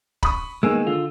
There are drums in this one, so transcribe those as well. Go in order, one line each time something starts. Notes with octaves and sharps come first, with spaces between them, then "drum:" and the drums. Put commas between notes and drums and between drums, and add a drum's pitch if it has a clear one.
B5 C#6 D#6, drum: kick
D#3 G#3 A#3 B3 G#4 E6
D3 F4